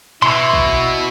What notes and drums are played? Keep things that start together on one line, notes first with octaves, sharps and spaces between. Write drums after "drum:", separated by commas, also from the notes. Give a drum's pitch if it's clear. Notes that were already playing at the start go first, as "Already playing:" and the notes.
B2 E4 C6, drum: tom G#2
drum: kick